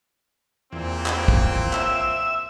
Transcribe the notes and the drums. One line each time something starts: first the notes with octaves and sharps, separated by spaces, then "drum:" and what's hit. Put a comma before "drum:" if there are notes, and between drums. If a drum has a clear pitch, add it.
E2 A#2 C4
drum: clap
drum: kick
E5 E6, drum: clap